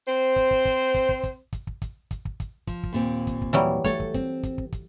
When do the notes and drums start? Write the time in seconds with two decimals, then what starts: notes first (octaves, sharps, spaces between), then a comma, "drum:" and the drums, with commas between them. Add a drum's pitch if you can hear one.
0.08 C4 C5
0.36 drum: kick, hi-hat
0.51 drum: kick
0.65 drum: kick, hi-hat
0.94 drum: kick, hi-hat
1.09 drum: kick
1.23 drum: kick, hi-hat
1.53 drum: kick, hi-hat
1.67 drum: kick
1.82 drum: kick, hi-hat
2.11 drum: kick, hi-hat
2.25 drum: kick
2.40 drum: kick, hi-hat
2.67 F3, drum: kick, hi-hat
2.83 drum: kick
2.92 D#2 A#2 C4
3.27 drum: kick, hi-hat
3.42 drum: kick
3.53 E3 F#3 G3
3.84 A3 A4 C#5, drum: kick, hi-hat
4.00 drum: kick
4.14 C4, drum: kick, hi-hat
4.43 drum: kick, hi-hat
4.58 drum: kick
4.72 drum: kick, hi-hat